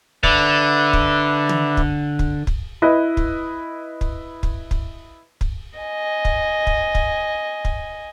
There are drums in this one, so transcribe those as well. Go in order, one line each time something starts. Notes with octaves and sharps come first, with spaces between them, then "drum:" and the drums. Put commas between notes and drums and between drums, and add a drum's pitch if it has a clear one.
D3 B4 D5 E5, drum: kick
drum: kick
drum: tom
drum: kick
drum: kick
drum: kick
E4 B4 D#5
drum: kick
drum: kick
drum: kick
drum: kick
drum: kick
D#5 G#5
drum: kick
drum: kick
drum: kick
drum: kick